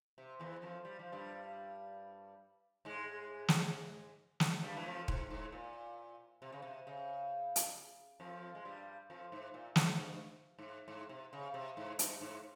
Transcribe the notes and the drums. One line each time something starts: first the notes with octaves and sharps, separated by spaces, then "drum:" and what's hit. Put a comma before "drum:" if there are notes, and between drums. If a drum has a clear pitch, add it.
C3
E2 E3
F2 F3
G3
F3
G2 G3
G#2 G#3
drum: snare
drum: snare
G2 G3
E3
F2 F3
G#2, drum: kick D#1
G#2
A#2
C3
C#3
C3
C#3
drum: hi-hat
F2 F3
G#3
G2 G3
F2 F3
G#2
A#2
G#2, drum: snare
G2
G#2
G#2
C3
C#3
C3
G#2
G2, drum: hi-hat
G#2